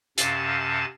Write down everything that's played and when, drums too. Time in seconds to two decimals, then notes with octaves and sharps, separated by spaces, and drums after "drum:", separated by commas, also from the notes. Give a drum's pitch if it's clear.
0.18 F#2 C3 C#4 F5 A5 A6, drum: hi-hat